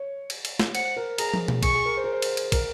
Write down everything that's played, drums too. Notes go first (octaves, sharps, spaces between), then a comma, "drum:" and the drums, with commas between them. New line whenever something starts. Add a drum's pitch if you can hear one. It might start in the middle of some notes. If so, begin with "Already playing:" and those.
Already playing: C#5
drum: cymbal
drum: cymbal
drum: snare
C5 F#5, drum: cymbal
A#4
G#4 A#5, drum: cymbal
drum: tom
drum: tom B2
G#4 C#6, drum: kick, cymbal
G#4
A#4
C5
A#4
C5
drum: cymbal
drum: cymbal
A#4, drum: kick, cymbal